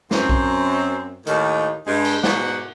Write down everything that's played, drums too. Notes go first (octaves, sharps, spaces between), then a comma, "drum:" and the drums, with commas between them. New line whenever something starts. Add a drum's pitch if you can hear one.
F#2 C4, drum: snare
drum: kick A#1
D#2 A2 D#3, drum: hi-hat
G2 G#3
drum: cymbal
G#2 B2 F#4 D5 F#5, drum: snare